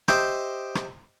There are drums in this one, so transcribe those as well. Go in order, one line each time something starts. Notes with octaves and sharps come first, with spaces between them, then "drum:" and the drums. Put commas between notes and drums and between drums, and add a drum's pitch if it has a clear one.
G4 C5 D#5 E5 G5, drum: rim click
drum: rim click